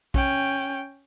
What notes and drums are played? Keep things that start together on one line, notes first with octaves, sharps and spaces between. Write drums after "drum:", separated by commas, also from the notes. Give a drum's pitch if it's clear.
C#4 G5, drum: kick A#1